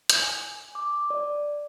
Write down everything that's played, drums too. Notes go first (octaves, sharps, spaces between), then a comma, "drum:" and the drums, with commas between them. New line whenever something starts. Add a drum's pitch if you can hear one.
drum: hi-hat
G#5
D6
D5